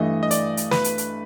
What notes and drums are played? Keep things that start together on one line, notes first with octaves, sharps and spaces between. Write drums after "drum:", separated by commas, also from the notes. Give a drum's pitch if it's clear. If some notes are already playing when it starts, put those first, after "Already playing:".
Already playing: G2 E3 A3 D#5
D#5
D5, drum: hi-hat
drum: hi-hat
B4, drum: snare
drum: hi-hat
drum: hi-hat